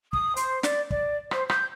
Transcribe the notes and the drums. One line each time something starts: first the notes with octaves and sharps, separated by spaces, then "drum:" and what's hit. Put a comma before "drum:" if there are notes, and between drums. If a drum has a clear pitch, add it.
D#6, drum: kick
C5, drum: hi-hat
D5, drum: snare
D5, drum: kick
C5, drum: rim click
G6, drum: rim click